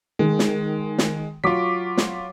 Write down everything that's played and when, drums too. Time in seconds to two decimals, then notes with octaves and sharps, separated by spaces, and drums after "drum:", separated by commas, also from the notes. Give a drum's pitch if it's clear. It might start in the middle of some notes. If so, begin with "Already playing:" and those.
0.19 D#3 G#3
0.39 drum: snare
0.98 drum: snare
1.44 F#3 F4 C#6 D6 B6
1.97 drum: snare